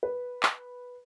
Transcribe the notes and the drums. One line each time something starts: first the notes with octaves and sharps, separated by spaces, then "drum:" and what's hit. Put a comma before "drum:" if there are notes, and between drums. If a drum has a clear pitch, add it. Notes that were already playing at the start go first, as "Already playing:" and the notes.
B4
drum: clap